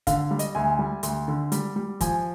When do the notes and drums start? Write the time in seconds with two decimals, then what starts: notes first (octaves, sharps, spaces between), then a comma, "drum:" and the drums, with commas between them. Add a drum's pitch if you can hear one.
0.07 D3 F5, drum: kick, hi-hat
0.31 G3
0.39 D#5, drum: hi-hat
0.55 D2 G#5
0.79 G3
1.03 D2, drum: hi-hat
1.28 D3
1.52 G3, drum: hi-hat
1.76 G3
2.01 F3 G#5, drum: kick, hi-hat